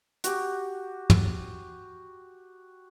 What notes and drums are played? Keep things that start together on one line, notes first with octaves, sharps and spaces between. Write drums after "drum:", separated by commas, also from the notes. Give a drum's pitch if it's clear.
F#4 G4, drum: hi-hat
drum: tom